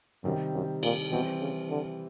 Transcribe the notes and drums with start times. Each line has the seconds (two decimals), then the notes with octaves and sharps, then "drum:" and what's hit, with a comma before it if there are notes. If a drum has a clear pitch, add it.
0.24 F#2 C3 D#3 G3 C4
0.53 F#2
0.83 A#2, drum: cymbal
1.11 B2 E3 G3 C4
1.40 C#3
1.70 D3